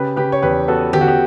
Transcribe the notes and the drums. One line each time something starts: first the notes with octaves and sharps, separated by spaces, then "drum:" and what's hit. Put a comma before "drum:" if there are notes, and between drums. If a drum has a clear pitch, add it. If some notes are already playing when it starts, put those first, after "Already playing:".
Already playing: C#3 G4 B4
C#3 G4 B4
C#5
E2 G4 B4
B3 F#4 A4
B3 G4, drum: tom D3
F#4
G4